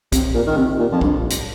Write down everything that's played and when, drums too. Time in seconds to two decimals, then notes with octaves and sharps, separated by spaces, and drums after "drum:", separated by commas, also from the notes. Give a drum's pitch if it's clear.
0.12 C3, drum: kick, hi-hat
0.34 A#2
0.47 D#3
0.56 C3
0.79 A#2
0.92 F2
1.01 G2, drum: kick
1.30 drum: hi-hat